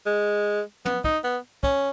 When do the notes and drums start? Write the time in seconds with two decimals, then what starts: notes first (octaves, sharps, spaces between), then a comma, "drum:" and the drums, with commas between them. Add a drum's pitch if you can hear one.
0.06 G#3
0.85 B3, drum: tom
1.04 D#4, drum: kick
1.24 B3
1.63 C#4, drum: kick